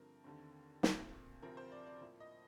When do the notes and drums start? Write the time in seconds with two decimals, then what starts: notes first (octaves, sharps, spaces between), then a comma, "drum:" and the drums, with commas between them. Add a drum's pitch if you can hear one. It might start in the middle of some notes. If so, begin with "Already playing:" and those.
Already playing: G2 D3 F3 A3 C4 A#4
0.24 D#2 D3 A3 C4
0.83 A#2 A3 C4, drum: snare
1.42 D2 C3 F3 C4 A#4
1.57 C5
1.72 D5
1.87 D5
2.01 A2 F3 A#3
2.20 D#5